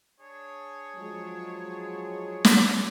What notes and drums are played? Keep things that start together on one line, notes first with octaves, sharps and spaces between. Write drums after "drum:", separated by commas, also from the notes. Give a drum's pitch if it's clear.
D4 G#4 C#5
F3 F#3 G#3
drum: snare